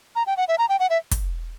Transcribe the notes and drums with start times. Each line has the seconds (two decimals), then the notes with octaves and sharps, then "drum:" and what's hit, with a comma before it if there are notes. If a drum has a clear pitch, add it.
0.16 A#5
0.27 G5
0.37 F#5
0.48 E5
0.58 A#5
0.69 G5
0.80 F#5
0.90 E5
1.11 drum: kick, hi-hat